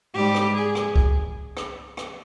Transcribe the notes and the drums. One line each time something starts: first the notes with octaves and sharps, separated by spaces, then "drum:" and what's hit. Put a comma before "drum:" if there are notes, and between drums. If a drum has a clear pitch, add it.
G#2 G3 G4
drum: rim click
G#4
drum: rim click
drum: kick C#2
drum: rim click
drum: rim click